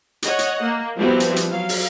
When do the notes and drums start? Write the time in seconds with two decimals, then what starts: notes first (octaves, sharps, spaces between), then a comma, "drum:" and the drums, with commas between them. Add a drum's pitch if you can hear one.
0.22 C#5 D#5 F#5, drum: hi-hat
0.39 drum: hi-hat
0.62 A#3
0.97 F3 G3 B3 C4 E4 F#4
1.20 drum: hi-hat
1.36 drum: hi-hat
1.50 F#3 F5
1.69 drum: open hi-hat